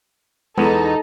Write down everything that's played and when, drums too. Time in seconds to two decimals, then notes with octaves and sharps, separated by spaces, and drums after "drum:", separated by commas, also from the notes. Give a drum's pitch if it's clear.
0.58 E2 B3 D#4 A4, drum: tom G#3